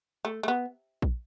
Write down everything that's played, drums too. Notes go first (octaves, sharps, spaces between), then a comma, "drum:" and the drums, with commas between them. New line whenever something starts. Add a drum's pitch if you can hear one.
A3
A3
B3
drum: kick A#1